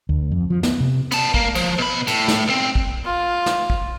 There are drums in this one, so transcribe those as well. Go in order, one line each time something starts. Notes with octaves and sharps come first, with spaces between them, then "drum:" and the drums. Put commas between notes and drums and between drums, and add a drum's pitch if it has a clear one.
D2
F2
F3
B3, drum: snare
C3
B3 A5, drum: cymbal
A#3, drum: kick
F3, drum: cymbal
B2 B5
A2, drum: cymbal
drum: snare
B1 C4
drum: kick
F4
drum: snare
drum: kick